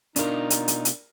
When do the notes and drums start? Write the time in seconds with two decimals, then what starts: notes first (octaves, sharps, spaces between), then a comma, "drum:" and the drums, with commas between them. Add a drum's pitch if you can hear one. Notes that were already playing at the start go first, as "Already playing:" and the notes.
0.16 B2 D4 D#4 F4 A#4, drum: hi-hat
0.50 drum: hi-hat
0.68 drum: hi-hat
0.85 drum: hi-hat